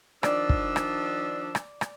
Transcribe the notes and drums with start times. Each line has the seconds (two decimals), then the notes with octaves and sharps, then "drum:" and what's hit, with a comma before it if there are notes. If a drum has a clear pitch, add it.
0.23 D#3 F3 D4 D5 E6, drum: rim click
0.49 drum: kick
0.76 drum: rim click
1.55 drum: rim click
1.81 drum: rim click